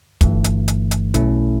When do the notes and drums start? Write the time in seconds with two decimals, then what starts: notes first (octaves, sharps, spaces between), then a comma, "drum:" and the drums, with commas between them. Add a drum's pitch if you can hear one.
0.21 G1 G2 E3 A3, drum: kick, hi-hat
0.44 drum: hi-hat
0.68 drum: hi-hat
0.91 drum: hi-hat
1.14 B1 B2 A3 C#4 E4, drum: hi-hat